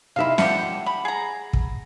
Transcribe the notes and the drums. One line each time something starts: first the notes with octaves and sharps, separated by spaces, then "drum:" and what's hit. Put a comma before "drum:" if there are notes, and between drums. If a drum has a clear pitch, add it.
C3 D#4 E4 E5 F5
D3 F3 G4 F#5, drum: snare
B5
G#4 A#5
drum: kick